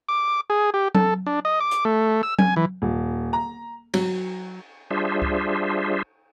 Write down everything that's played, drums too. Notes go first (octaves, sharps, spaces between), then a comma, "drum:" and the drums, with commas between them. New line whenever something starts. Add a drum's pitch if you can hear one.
D6
G#4
G4
A4, drum: tom F#3
D4
D#5
D6
drum: hi-hat
A3
E6
G#5, drum: tom F#3
E3
D#1
A#5
F#3, drum: cymbal
G3 D4 F4 G#4 C5 E5
drum: kick C#2